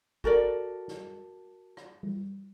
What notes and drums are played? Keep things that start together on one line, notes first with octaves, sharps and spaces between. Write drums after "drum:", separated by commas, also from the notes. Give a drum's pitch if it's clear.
F#4 A4 A#4 D5, drum: kick
drum: snare
drum: rim click
drum: tom G3